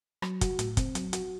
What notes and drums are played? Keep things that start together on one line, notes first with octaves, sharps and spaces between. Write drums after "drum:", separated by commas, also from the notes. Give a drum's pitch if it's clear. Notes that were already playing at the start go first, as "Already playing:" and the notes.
F#3, drum: rim click
F#4, drum: kick, hi-hat
A2, drum: hi-hat
C4, drum: kick, hi-hat
F#3, drum: hi-hat
F#4, drum: hi-hat